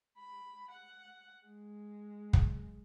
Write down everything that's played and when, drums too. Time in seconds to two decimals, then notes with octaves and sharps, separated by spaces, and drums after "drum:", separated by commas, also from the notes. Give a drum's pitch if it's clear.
0.18 B5
0.71 F#5
1.46 G#3
2.33 drum: kick